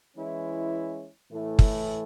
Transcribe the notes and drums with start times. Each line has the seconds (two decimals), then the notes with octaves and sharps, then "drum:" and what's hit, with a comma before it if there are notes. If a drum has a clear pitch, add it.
0.16 E3 G#3 C#4 E4
1.31 A2 E3 A3
1.59 drum: kick